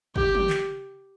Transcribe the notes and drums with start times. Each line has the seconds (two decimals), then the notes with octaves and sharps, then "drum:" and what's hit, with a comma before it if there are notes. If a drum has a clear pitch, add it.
0.16 G4, drum: kick
0.35 drum: tom
0.50 drum: clap